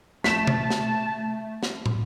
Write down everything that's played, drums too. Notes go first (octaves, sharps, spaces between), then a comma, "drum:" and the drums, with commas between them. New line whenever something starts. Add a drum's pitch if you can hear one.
A3 A5 B6 E7, drum: snare
drum: tom B2
drum: snare
drum: snare
drum: tom